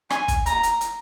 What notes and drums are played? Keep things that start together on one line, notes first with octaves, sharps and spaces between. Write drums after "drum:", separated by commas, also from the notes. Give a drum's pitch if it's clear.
G#5, drum: rim click
drum: kick, hi-hat
A#5, drum: hi-hat
drum: hi-hat
drum: hi-hat